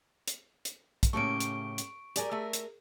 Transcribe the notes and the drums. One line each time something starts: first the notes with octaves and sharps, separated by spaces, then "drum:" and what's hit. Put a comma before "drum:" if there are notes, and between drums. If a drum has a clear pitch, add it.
drum: hi-hat
drum: hi-hat
drum: kick, hi-hat
A2 C#3 A3 A#3 C#4 G4 C#6 D7
drum: hi-hat
drum: hi-hat
G4 G#4 A#4 D5 G#5, drum: hi-hat
A3 E5
drum: hi-hat